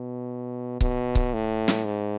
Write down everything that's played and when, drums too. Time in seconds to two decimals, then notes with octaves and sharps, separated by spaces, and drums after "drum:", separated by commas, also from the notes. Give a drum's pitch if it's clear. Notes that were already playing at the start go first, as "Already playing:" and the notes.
Already playing: B2
0.81 B2, drum: kick C#1
1.15 drum: kick C#1
1.33 A2
1.68 drum: snare
1.85 G#2